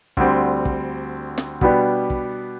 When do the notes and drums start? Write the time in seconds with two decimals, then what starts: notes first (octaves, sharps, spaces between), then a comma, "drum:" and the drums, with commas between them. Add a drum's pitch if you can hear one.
0.17 D2 D3 G3 C4, drum: kick
0.65 drum: kick
1.38 drum: snare
1.61 B2 G3 B3 D4 G4, drum: kick
2.10 drum: kick